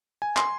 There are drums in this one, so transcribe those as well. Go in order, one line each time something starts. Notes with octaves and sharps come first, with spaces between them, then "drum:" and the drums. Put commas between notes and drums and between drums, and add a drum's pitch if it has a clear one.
G#5
C6, drum: clap